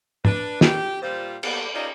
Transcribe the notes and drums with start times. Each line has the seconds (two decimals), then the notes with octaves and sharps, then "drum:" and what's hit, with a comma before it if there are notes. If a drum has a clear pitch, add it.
0.25 D4 B4, drum: tom
0.61 G4, drum: snare
1.02 A#2 G3 F4 C5
1.43 G3 A#3 B3, drum: cymbal
1.75 C#4 D#4 F4 G4 D5 D#5